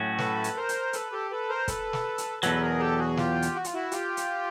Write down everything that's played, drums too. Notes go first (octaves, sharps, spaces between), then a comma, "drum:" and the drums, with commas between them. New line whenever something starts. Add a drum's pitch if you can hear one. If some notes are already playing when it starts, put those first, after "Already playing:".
Already playing: A2 F#3 A3 C#4 F#4
A4 B4, drum: snare
drum: hi-hat
A#4 C5
drum: hi-hat
A4 B4, drum: hi-hat
G4 A4
A4 B4
A#4 C5
A4 B4, drum: kick, hi-hat
drum: snare
drum: hi-hat
E2 B2 F#3 A4 B4, drum: hi-hat
A4
G#4 A#4
G4 A4
F#4 G#4
F4 G4, drum: snare
drum: hi-hat
F#4
F4, drum: hi-hat
E4 F#4
F4 G4, drum: hi-hat
drum: hi-hat